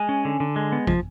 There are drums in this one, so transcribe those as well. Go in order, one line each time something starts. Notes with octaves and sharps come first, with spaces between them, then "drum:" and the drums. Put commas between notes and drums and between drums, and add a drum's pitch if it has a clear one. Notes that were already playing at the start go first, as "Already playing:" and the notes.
Already playing: G#3 G#5
C#4
D3
D3
G#3
B3
F3, drum: kick